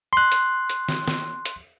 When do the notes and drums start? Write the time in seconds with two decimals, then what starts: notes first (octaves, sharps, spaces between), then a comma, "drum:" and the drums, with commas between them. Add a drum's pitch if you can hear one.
0.13 C6 F#6
0.32 drum: hi-hat
0.70 drum: hi-hat
0.89 drum: snare
1.08 drum: snare
1.45 drum: hi-hat